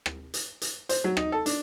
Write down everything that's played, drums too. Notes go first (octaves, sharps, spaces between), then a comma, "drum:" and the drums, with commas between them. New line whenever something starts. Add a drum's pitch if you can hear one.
drum: rim click
drum: hi-hat
drum: hi-hat
C5, drum: hi-hat
F#3
D#4, drum: rim click
A4
D4, drum: hi-hat